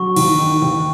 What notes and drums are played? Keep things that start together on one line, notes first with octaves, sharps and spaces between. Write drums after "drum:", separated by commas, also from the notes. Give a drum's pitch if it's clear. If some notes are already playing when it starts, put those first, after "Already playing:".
Already playing: F#3 C#6
D#2, drum: cymbal
D#3
D#2